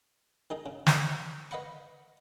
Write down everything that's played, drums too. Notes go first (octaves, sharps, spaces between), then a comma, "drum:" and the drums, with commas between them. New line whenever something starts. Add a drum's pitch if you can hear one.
D#3 D#4 G#4
C#3
D#4 E4, drum: snare
B4 D#5 F5 F#5 B5 C#6